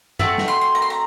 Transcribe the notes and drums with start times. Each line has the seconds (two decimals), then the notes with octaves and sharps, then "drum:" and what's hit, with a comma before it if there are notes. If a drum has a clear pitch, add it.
0.19 A3 C4 F#4 A5, drum: tom F#2
0.38 drum: snare
0.48 C6
0.61 C6
0.75 A#5
0.82 C6
0.90 A#5